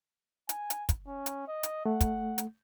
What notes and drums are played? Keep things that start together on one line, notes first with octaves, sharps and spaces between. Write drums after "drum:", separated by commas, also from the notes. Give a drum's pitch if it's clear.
G#5, drum: hi-hat
drum: hi-hat
drum: kick, hi-hat
C#4
drum: hi-hat
D#5
drum: hi-hat
A3 F#5
drum: kick, hi-hat
drum: hi-hat